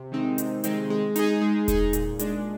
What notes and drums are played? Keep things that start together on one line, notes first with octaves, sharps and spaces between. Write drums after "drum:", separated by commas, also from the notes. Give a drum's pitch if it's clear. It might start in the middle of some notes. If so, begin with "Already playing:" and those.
Already playing: C3
D#3 G#3 C4 D#4
C3, drum: hi-hat
D#3 G#3 C4 D#4, drum: hi-hat
G#3
D#4 G#4, drum: hi-hat
G#3
D#4 G#4, drum: kick E1, hi-hat
A#2, drum: hi-hat
G#3 D4, drum: hi-hat